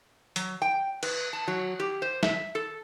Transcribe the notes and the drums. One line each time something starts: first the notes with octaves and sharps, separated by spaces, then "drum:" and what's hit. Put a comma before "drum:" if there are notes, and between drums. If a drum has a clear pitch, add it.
F#3, drum: hi-hat
G5
B4, drum: cymbal
A5
F#3
G4
C5
E5, drum: snare
A4